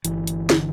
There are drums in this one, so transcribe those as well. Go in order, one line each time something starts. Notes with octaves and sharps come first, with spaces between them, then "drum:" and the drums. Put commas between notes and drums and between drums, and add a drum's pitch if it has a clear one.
G1 E3, drum: hi-hat
drum: hi-hat
D3, drum: snare